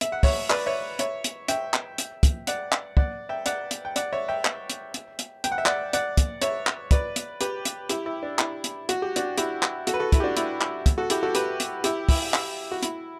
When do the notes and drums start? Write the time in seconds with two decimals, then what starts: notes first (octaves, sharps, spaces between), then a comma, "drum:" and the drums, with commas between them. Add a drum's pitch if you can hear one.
0.01 E5, drum: hi-hat
0.12 F#5
0.23 C#5 E5, drum: kick, open hi-hat
0.50 B4 D5, drum: clap
0.66 C#5 E5
0.99 C#5 E5, drum: hi-hat
1.24 drum: hi-hat
1.48 E5 G5, drum: hi-hat
1.74 drum: clap
1.98 drum: hi-hat
2.23 drum: kick, hi-hat
2.47 D5 F#5, drum: hi-hat
2.72 drum: clap
2.97 D5 F#5, drum: kick
3.29 E5 G5
3.46 D5 F#5, drum: hi-hat
3.71 drum: hi-hat
3.85 G5
3.96 D5 F#5, drum: hi-hat
4.13 C#5 E5
4.28 E5 G5
4.45 drum: clap
4.70 drum: hi-hat
4.94 drum: hi-hat
5.19 drum: hi-hat
5.44 G5, drum: hi-hat
5.52 F#5
5.58 E5
5.66 D5 F#5, drum: clap
5.93 D5 F#5, drum: hi-hat
6.17 drum: kick, hi-hat
6.42 C#5 E5, drum: hi-hat
6.67 drum: clap
6.91 B4 D5, drum: kick, hi-hat
7.16 drum: hi-hat
7.41 G4 B4, drum: hi-hat
7.65 drum: hi-hat
7.89 E4 G4, drum: hi-hat
8.06 E4
8.23 D4
8.39 E4, drum: clap
8.64 drum: hi-hat
8.89 F#4, drum: hi-hat
9.02 G4
9.16 D4 F#4, drum: hi-hat
9.38 E4 G4, drum: hi-hat
9.63 drum: clap
9.87 F#4 A4, drum: hi-hat
9.94 B4
9.99 F#4 A4
10.12 E4, drum: kick, hi-hat
10.20 G4
10.24 D4 F#4
10.37 E4, drum: hi-hat
10.61 drum: clap
10.86 drum: kick, hi-hat
10.98 F#4 A4
11.10 E4 G4, drum: hi-hat
11.23 F#4 A4
11.35 G4 B4, drum: hi-hat
11.60 drum: hi-hat
11.84 E4 G4, drum: hi-hat
12.09 E4, drum: kick, open hi-hat
12.34 drum: clap
12.72 F#4
12.83 E4, drum: hi-hat